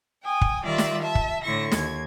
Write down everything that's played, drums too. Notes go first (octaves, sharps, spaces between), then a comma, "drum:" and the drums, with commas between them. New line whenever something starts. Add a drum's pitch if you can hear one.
G5 G#5 D#6
drum: kick
D#3 G3 F4 D5 E5
drum: snare
E5 A5
drum: kick
A2 D3 E4 C#6 A#6
D#2 G#6, drum: snare